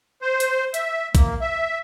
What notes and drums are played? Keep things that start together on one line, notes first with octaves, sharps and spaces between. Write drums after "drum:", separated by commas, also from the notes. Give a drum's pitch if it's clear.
C5
drum: hi-hat
E5, drum: hi-hat
A#3, drum: kick A#1, hi-hat
E5